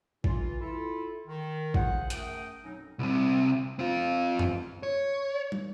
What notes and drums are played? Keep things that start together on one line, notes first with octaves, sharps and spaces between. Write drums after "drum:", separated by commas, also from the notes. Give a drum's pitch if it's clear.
E3 F4, drum: kick A1
E4 F4 A4
D#3
F4 G#4 C5 F#5, drum: kick A1
F#2 A3 A#4 F#5 G5 D#6, drum: hi-hat
F2 B2 F#3 C#4 D#4
C2 C3
C4 F4
drum: tom
C#5
drum: tom